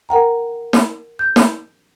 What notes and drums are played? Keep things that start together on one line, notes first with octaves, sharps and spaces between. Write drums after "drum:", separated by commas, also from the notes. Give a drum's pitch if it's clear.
A#4 F#5 G5 A#5
drum: snare
G6
drum: snare